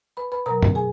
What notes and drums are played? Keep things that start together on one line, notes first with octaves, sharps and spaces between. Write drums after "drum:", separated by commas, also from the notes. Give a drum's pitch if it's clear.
B4 B5
B4 B5
B2 F#3 A#4 A#5
drum: tom F#2
G#4 G#5